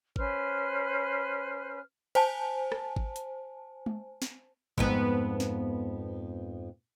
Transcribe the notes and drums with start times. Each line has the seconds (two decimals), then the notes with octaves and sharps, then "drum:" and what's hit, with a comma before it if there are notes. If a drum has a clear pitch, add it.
0.16 C#4 B4 C5 F6, drum: kick G#1
2.15 C5 G#5 A5, drum: cymbal
2.72 drum: rim click
2.96 drum: kick G#1
3.16 drum: hi-hat
3.86 drum: tom G#3
4.22 drum: snare
4.78 F2 G#2 B3, drum: kick G#1
5.40 drum: snare